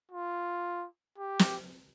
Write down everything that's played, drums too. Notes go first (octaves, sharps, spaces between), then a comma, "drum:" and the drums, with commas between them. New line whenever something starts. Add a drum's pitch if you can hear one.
F4
G4
drum: snare